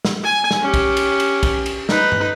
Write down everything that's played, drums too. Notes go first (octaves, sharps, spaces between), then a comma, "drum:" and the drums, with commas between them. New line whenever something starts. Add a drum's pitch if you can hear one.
drum: snare
G#5
drum: snare
C#4 G4
drum: kick, cymbal
drum: cymbal
drum: cymbal
drum: kick, cymbal
drum: cymbal
D#4 B4, drum: snare
drum: tom G2